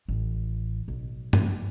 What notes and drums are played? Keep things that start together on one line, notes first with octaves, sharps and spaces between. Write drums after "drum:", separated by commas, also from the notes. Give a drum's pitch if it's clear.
A1
B1
drum: tom G2